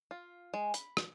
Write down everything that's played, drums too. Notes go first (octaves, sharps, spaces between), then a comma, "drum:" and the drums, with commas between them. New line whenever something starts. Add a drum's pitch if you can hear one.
F4
G#3
B5, drum: hi-hat
drum: rim click